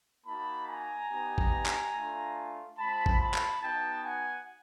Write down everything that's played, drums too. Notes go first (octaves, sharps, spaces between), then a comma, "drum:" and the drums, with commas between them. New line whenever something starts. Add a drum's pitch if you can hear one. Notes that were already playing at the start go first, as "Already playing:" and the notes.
A#3 D#4 F#4 A5 B5
G#5 A#5
B3 D#4 G4
drum: kick
drum: clap
A3 D4 F4
G#3 C4 F4 A5 B5
drum: kick
A5 B5
drum: clap
B3 D#4 F#4 G5 A5
F#5 G#5